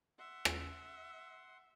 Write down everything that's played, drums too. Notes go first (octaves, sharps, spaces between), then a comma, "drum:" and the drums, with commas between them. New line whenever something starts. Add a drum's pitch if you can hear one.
E5 F#5 C6
drum: rim click